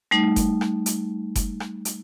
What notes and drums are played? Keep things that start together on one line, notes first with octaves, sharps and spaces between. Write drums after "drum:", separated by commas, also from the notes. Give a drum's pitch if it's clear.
G3 A3 D#4
drum: kick F#1, hi-hat
drum: rim click
drum: hi-hat
drum: kick F#1, hi-hat
drum: rim click
drum: hi-hat